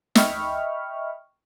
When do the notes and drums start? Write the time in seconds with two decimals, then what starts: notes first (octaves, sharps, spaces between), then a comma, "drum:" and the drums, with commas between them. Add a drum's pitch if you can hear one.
0.15 D#5 E5 G5 B5 C#6 F6, drum: snare